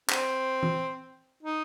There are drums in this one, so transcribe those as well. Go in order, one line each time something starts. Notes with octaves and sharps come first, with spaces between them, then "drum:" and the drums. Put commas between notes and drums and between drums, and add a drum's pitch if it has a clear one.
C4, drum: clap
drum: tom E3
D#4